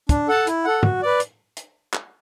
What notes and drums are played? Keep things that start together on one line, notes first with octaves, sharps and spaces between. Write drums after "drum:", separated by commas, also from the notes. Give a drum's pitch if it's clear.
D4, drum: kick, hi-hat
A4 F#5 A5
E4, drum: hi-hat
A4 F#5
F#4, drum: tom
B4 D5
drum: hi-hat
drum: hi-hat
drum: clap